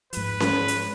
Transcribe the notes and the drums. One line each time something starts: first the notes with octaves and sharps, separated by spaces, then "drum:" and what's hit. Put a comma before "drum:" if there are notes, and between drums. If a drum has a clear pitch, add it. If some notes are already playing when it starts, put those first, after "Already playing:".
G#2 F3 B4, drum: hi-hat
drum: snare C#4
drum: hi-hat